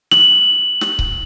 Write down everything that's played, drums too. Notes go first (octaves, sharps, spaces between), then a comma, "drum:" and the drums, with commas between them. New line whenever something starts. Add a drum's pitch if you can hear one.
F#7, drum: snare
drum: snare
drum: kick C#1